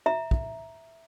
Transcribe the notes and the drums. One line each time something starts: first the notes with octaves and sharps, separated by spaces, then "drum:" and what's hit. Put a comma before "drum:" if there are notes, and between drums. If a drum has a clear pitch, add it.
E5 A#5
drum: kick